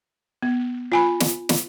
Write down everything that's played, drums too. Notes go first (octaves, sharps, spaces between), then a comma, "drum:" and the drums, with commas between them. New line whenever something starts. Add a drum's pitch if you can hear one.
B3
F4 G#5 B5
drum: snare
drum: snare